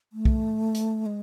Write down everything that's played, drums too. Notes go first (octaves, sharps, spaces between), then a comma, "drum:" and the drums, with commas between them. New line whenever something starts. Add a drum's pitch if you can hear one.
A3
drum: kick B1
drum: hi-hat
G#3